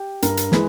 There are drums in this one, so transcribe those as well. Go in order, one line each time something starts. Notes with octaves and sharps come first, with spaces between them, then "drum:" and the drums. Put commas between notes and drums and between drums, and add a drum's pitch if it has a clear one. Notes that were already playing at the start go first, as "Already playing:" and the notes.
Already playing: G4 G5
G2 A#4 A#5, drum: hi-hat
drum: hi-hat
E3 G#3 B4 B5, drum: snare